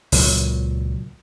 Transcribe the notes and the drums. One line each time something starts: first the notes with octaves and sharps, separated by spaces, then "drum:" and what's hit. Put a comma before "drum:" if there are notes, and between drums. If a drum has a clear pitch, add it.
C#2 A#2 F#3, drum: open hi-hat